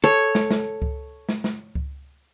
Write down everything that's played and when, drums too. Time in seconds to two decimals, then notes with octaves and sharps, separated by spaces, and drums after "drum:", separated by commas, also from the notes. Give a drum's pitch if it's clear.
0.04 A4 C#5
0.35 drum: snare
0.51 drum: snare
0.82 drum: kick C#2
1.29 drum: snare
1.44 drum: snare
1.75 drum: kick C#2